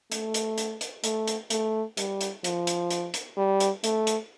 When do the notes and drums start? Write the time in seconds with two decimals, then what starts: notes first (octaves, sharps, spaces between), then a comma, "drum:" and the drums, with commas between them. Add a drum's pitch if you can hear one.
0.12 A3, drum: hi-hat
0.34 drum: hi-hat
0.58 drum: hi-hat
0.81 drum: hi-hat
1.04 A3, drum: hi-hat
1.28 drum: hi-hat
1.50 A3, drum: hi-hat
1.97 G3, drum: hi-hat
2.21 drum: hi-hat
2.44 F3, drum: hi-hat
2.67 drum: hi-hat
2.91 drum: hi-hat
3.14 drum: hi-hat
3.37 G3
3.60 drum: hi-hat
3.84 A3, drum: hi-hat
4.07 drum: hi-hat